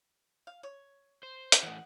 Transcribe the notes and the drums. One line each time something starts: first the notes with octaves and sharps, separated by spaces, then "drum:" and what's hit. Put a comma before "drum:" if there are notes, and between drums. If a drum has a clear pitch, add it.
F5
C#5
C5
drum: hi-hat
E3 A3 D#5 F#5